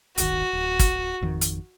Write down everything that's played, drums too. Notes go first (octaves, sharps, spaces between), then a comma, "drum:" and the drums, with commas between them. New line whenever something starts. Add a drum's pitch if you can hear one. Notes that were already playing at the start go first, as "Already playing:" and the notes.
D1 G1 D#3 F#4, drum: hi-hat
D1
drum: kick, hi-hat
G#1 F2 D#3
drum: hi-hat